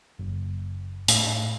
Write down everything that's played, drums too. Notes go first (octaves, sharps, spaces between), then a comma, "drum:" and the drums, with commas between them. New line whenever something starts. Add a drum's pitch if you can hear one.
F#1
A2, drum: hi-hat